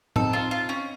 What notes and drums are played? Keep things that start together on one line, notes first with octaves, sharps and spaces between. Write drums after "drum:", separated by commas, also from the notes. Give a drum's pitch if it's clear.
C4 D#4 A4, drum: tom
F4
F4
C#4